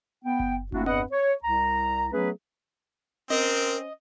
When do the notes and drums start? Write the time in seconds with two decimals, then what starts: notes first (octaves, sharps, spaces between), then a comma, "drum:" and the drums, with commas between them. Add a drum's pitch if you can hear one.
0.24 B3 G5
0.40 drum: kick F#1
0.72 A3 A#3 C4 D4 E4 F#4, drum: kick F#1
0.86 E2 G2 B4 D#5 F#5, drum: tom C4
1.12 C#5
1.43 C2 A#5
2.12 F#3 A3 B3 C#4 G#4 B4
3.30 C4 C#4 A#4 C5 D#5, drum: tom C4